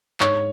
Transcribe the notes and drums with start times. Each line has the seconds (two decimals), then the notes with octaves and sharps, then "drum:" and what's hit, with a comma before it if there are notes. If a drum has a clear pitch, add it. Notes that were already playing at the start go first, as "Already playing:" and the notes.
0.20 G#2 C#5 C#6, drum: clap